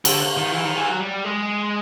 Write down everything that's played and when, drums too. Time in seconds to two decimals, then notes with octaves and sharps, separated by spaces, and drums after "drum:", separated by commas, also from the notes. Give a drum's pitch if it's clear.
0.05 D3, drum: cymbal
0.37 D#3
0.52 E3
0.64 D#3
0.77 E3
0.88 F#3
1.00 G3
1.24 G#3